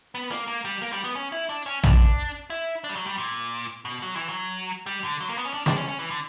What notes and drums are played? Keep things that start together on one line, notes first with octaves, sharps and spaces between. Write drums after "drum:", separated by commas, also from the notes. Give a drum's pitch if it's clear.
B3
A#3, drum: hi-hat
A#3
G3
A#3
G3
B3
C#4
E4
D4
C#4
D4, drum: tom A#1
E4
D4
G3
F#3
G3
A#2
B2
F#3
E3
F#3
G3
D3
F#3
A#3
B3
C#4
D4
D4, drum: snare
C#4
C#4
E3
D3